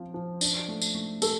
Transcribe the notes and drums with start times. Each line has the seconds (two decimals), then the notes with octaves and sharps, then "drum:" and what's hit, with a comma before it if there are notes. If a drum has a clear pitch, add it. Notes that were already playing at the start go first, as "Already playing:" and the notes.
Already playing: F3 C4 F4
0.14 F3
0.41 D4, drum: tambourine
0.69 A3
0.82 drum: tambourine
0.95 A3
1.22 A3 A4, drum: tambourine